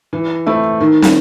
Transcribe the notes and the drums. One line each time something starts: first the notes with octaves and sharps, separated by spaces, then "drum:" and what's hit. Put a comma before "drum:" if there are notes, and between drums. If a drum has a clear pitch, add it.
E3
A3 C4 E4
D#3
drum: snare